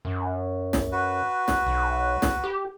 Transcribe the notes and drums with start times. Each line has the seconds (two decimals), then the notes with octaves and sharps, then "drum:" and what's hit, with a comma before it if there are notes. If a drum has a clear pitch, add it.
0.05 F#2
0.73 drum: snare
0.92 F#4 B4
1.48 drum: snare
1.66 B1
2.22 drum: snare
2.44 G4